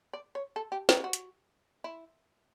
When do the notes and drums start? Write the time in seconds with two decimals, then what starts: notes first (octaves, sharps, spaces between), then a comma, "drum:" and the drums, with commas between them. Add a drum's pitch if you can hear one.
0.13 D5
0.35 C#5
0.56 A4
0.72 G4
0.89 G4, drum: snare
1.04 F#4
1.13 drum: hi-hat
1.84 E4